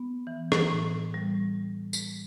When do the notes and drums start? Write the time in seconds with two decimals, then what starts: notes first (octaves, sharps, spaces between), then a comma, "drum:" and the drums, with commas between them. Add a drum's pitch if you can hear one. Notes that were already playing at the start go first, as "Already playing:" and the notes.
Already playing: B3
0.27 E3
0.52 drum: rim click
0.70 A2
1.14 G3
1.93 drum: tambourine